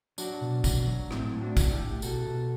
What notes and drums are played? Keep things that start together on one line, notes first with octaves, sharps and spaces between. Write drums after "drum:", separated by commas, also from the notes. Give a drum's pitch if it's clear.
F#3 D4 F#4, drum: tambourine
B2
B2, drum: kick, tambourine
F#3
A2 C4 E4, drum: rim click
A2
D4 F#4
A2, drum: kick, tambourine
E4 G4
A2
B2 F#4 A4, drum: tambourine
B2